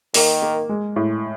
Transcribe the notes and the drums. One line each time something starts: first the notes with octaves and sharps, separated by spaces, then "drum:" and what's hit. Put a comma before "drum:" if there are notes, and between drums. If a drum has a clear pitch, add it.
D#3 A#3, drum: open hi-hat
A#3
G#3
A2